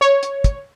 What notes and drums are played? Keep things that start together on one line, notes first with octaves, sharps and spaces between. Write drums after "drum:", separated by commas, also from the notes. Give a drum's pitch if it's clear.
C#5
drum: hi-hat
drum: kick, hi-hat